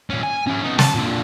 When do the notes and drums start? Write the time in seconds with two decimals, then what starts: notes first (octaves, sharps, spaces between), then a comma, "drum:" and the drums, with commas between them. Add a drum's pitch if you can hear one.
0.10 A#2 C#4
0.23 G#5
0.47 C#4 E4
0.64 B3 D#4
0.79 A5, drum: snare
0.95 A#2 D3